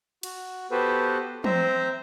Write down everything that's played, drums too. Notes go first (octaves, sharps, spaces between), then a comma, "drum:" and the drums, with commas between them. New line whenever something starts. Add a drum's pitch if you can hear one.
F#4, drum: cymbal
B3 F#4 G4 A4 B4 C5
C4 C5 E5 A#5, drum: tom